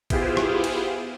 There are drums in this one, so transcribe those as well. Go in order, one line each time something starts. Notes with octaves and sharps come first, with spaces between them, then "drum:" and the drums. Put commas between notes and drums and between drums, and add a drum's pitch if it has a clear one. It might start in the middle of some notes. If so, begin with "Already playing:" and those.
B3 E4 F4 G4 G#4 C5, drum: kick G#1, cymbal
drum: rim click
drum: cymbal